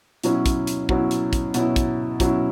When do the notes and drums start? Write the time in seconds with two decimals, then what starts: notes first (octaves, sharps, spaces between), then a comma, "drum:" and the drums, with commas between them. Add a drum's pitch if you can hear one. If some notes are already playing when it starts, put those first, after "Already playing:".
0.23 B2 F#3 C#4 E4, drum: hi-hat
0.46 drum: kick, hi-hat
0.67 drum: hi-hat
0.89 B2 F#3 C#4 E4, drum: kick
1.11 drum: hi-hat
1.33 drum: kick, hi-hat
1.54 B2 F#3 C#4 E4, drum: hi-hat
1.76 drum: kick, hi-hat
2.20 B2 F#3 C#4 E4, drum: kick, hi-hat